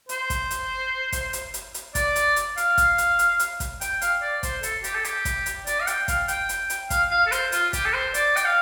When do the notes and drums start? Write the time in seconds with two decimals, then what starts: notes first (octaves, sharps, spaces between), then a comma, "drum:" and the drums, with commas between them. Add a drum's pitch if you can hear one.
0.09 C5, drum: hi-hat
0.30 drum: kick, hi-hat
0.51 drum: hi-hat
1.12 drum: kick, hi-hat
1.33 drum: hi-hat
1.54 drum: hi-hat
1.74 drum: hi-hat
1.95 D5, drum: kick, hi-hat
2.16 drum: hi-hat
2.36 drum: hi-hat
2.57 F5, drum: hi-hat
2.78 drum: kick, hi-hat
2.98 drum: hi-hat
3.19 drum: hi-hat
3.39 drum: hi-hat
3.60 drum: kick, hi-hat
3.81 G5, drum: hi-hat
4.02 F5, drum: hi-hat
4.22 D5
4.43 C5, drum: kick, hi-hat
4.63 A4, drum: hi-hat
4.84 G4, drum: hi-hat
4.94 A4
5.05 G4, drum: hi-hat
5.25 drum: kick, hi-hat
5.46 drum: hi-hat
5.67 D5, drum: hi-hat
5.80 F5
5.87 G5, drum: hi-hat
6.08 F5, drum: kick, hi-hat
6.28 G5, drum: hi-hat
6.49 drum: hi-hat
6.70 drum: hi-hat
6.90 F5, drum: kick, hi-hat
7.11 F5
7.27 A4
7.32 C5, drum: hi-hat
7.52 F4, drum: hi-hat
7.73 G4, drum: kick, hi-hat
7.86 A4
7.94 C5
8.14 D5, drum: hi-hat
8.36 G5, drum: hi-hat
8.45 F5